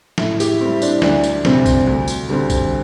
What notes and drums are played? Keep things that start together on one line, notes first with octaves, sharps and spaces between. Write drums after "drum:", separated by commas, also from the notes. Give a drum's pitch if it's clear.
A2 E4, drum: snare
G4, drum: tambourine
G3 C4 E4
D4, drum: tambourine
D2 D4, drum: snare
drum: tambourine
C3 G3 C4, drum: snare
drum: kick B1, tambourine
D2
drum: tambourine
D3 G3 C4
drum: kick B1, tambourine